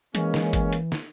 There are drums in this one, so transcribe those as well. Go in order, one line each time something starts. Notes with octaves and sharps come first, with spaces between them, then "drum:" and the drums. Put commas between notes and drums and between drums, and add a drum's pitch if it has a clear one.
E3 G#3 A#3 C#4, drum: hi-hat
drum: snare
drum: kick, hi-hat
drum: hi-hat
drum: snare